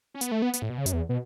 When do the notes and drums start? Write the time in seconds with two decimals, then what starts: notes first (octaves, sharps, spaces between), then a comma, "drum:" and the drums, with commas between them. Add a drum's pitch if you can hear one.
0.14 C#4
0.21 B3, drum: hi-hat
0.32 A3
0.42 B3
0.53 B3, drum: hi-hat
0.62 A2
0.70 B2
0.78 C#3
0.86 F#2, drum: hi-hat
0.93 E2
1.09 B2